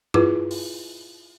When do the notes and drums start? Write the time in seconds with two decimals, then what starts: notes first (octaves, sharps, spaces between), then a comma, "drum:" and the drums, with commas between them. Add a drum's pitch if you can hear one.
0.14 E4 F4 G#4 B4, drum: tom G2
0.51 drum: open hi-hat